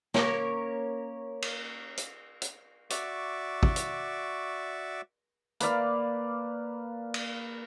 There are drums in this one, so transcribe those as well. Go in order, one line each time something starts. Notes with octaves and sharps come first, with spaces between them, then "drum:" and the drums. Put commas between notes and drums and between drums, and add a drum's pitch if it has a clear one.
A#3 C#4 A#4 C#5, drum: snare
drum: cymbal
drum: hi-hat
drum: hi-hat
F#4 D5 E5 C#6 D6, drum: hi-hat
drum: kick
drum: hi-hat
A#3 B4 D5 F5, drum: hi-hat
drum: cymbal